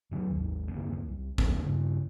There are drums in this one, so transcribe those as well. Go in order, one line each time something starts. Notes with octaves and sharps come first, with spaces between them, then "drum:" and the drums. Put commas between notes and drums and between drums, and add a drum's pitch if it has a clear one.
F#2 D#3 F#3
G#1 D#2
E2 G2 D#3 A#3
C2
D#1 F3 A#3 C4, drum: kick
G2 C#3